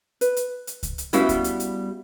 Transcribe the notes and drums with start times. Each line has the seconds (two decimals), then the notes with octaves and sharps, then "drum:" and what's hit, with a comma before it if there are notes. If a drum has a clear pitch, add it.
0.21 B4, drum: hi-hat
0.36 drum: hi-hat
0.67 drum: hi-hat
0.83 drum: kick C#2, hi-hat
0.98 drum: hi-hat
1.13 G3 B3 C#4 E4 F#4 F5, drum: hi-hat
1.29 drum: kick C#2, hi-hat
1.44 drum: hi-hat
1.60 drum: hi-hat